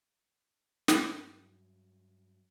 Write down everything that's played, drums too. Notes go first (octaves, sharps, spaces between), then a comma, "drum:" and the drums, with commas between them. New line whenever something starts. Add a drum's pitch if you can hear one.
G2 F#3, drum: snare